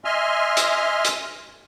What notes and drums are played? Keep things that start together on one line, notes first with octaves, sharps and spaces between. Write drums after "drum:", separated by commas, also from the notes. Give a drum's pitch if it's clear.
D#5 E5 G#5 C6 F6
drum: hi-hat
drum: hi-hat